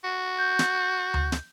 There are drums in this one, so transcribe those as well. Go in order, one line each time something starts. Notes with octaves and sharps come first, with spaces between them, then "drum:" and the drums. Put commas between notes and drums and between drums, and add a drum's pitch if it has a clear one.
F#4
G6
drum: snare
drum: tom D2
drum: snare